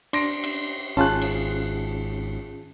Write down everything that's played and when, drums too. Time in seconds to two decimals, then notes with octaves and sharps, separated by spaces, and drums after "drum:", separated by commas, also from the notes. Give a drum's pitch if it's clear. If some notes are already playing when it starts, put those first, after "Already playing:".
0.13 D4 C6 A#6 D7, drum: cymbal
0.44 drum: cymbal
0.97 G#1 C#4 F4 G#4 A5 F#6
1.22 drum: cymbal